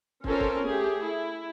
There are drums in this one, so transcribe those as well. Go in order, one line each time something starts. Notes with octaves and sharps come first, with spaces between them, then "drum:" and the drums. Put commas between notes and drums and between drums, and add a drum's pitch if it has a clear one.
C4 C#4 F4 A4 A#4, drum: kick
drum: kick
A3 G4 G#4
E4